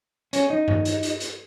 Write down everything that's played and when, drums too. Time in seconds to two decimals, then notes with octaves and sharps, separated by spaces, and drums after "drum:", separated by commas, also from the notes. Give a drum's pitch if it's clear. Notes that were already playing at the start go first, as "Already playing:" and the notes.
0.33 C#4, drum: hi-hat
0.50 D#4
0.68 drum: tom G2
0.85 drum: hi-hat
1.03 drum: hi-hat
1.20 drum: hi-hat